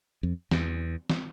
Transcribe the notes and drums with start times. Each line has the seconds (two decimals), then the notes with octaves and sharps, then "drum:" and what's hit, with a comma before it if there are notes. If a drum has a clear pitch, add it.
0.23 F2
0.51 E2, drum: snare
1.10 drum: snare